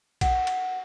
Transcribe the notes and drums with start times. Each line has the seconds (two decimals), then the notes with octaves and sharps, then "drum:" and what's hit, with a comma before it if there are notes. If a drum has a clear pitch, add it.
0.21 F#5, drum: kick A#1, cymbal
0.47 drum: cymbal